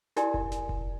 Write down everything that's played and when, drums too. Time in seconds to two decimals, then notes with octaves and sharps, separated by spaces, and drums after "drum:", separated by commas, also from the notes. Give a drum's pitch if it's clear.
0.16 E4 G4 A#4 D5 G#5 C6, drum: snare
0.34 drum: kick F1
0.52 drum: snare
0.69 drum: kick F1